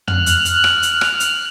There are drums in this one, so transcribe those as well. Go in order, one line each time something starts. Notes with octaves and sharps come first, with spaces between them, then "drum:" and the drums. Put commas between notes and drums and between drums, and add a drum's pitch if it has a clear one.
F6 F#6, drum: tom
drum: hi-hat
drum: hi-hat
drum: rim click
drum: hi-hat
drum: rim click
drum: hi-hat